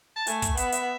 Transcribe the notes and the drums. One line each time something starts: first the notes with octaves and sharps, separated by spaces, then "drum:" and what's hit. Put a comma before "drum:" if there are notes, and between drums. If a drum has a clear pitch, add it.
A5
A3 G#5, drum: hi-hat
drum: kick, hi-hat
B3 E5, drum: hi-hat
E5, drum: hi-hat